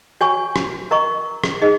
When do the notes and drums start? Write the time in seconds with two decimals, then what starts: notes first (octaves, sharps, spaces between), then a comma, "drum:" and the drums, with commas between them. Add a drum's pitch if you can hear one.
0.21 F#4 C#5 G#5 C#6
0.56 drum: rim click
0.91 A#4 D#5 A#5 C#6
1.44 drum: rim click
1.61 D#4 G#4 D#5